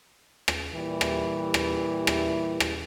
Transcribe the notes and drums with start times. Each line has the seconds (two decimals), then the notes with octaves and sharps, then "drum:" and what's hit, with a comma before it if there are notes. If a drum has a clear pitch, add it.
0.48 drum: rim click
0.74 A#2 E3 G3 E4 G4
1.01 drum: rim click
1.54 drum: rim click
2.07 drum: rim click
2.60 drum: rim click